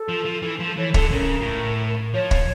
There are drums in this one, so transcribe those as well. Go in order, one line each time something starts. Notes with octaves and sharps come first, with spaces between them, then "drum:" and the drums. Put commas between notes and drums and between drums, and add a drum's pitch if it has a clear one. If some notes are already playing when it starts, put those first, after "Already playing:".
Already playing: A4
F3
F3
E3 A4
F3 A4
E3 C#5
D3 A4, drum: kick
C#3 A#4
A#2
A2
F3 C#5
drum: kick